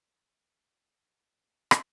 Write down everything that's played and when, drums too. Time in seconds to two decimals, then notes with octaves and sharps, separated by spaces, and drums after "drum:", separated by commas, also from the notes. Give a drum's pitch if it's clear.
0.25 C4 C#5 F#5
1.71 drum: rim click